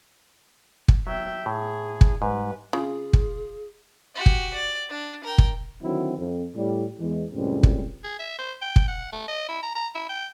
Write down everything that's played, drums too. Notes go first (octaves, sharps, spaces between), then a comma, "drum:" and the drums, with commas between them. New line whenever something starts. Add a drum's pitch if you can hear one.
drum: kick
F#3 E5 G5
A2 G#4
drum: kick
G#2 G3 B4
C#3 F4 G#4
drum: kick
F#4 G4
drum: kick
D5
D4
A#4 G5
drum: kick
D3 D#3 F#3 C4 E4 F#4
F2
A2 G3
E2 G#3
C#2 F#2 A2 G3 C4
drum: kick
G#4
E5
C5
G5
drum: kick
F#5
A3
D#5
E4
A#5
A#5
E4
G5